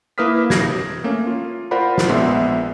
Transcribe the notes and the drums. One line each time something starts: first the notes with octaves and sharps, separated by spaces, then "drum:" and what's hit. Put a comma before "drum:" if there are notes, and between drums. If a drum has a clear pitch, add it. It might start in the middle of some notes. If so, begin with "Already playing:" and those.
A#3 E4 B4 D#6 F6 B6
G#6 A#6, drum: snare
A3 A#3 C#4
F4
F4 A#4 C5 D5 F#5 B5
drum: snare
A#1 G#3 B3 E5 C6